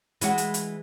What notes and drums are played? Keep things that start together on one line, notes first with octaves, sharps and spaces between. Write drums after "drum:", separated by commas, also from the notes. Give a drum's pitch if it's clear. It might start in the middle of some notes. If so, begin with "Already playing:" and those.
E3 G#3 F#4, drum: hi-hat
drum: hi-hat
drum: hi-hat